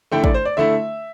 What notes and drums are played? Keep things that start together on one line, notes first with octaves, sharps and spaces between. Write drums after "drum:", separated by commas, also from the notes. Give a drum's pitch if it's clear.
D3 A3 E4 G5
D5, drum: kick
C5
D5
D3 A3 E4 E5